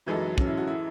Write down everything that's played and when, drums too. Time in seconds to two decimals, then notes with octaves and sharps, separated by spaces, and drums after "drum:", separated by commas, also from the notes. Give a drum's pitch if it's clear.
0.06 F#2 E3 F#3 G#3 D#4 A4
0.17 F#3
0.27 F#3
0.38 C#4, drum: kick
0.47 E4
0.57 F#4
0.67 E4